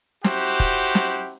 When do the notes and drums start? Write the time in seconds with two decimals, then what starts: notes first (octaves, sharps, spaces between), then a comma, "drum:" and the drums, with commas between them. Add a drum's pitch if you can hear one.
0.24 E4 F#4 G4 C5 F#5, drum: snare
0.60 drum: kick
0.95 drum: snare